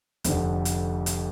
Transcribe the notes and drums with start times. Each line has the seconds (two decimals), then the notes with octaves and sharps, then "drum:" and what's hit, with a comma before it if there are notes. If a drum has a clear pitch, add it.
0.24 F1 F2 D3, drum: hi-hat
0.65 drum: hi-hat
1.06 drum: hi-hat